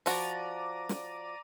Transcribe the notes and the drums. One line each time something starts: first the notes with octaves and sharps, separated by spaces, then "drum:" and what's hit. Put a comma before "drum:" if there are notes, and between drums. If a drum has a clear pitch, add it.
F3 F#4 D5 A#5 D#7, drum: open hi-hat
drum: snare